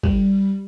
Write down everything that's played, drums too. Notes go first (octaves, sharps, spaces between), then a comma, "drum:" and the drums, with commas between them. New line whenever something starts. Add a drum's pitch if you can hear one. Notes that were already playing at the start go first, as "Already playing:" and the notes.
G3, drum: kick